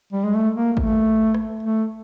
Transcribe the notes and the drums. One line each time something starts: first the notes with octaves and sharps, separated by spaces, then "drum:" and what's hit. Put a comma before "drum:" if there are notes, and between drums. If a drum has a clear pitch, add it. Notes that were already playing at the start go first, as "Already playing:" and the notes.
G3
G#3
A3
A#3
A3, drum: kick G#1
drum: rim click
A3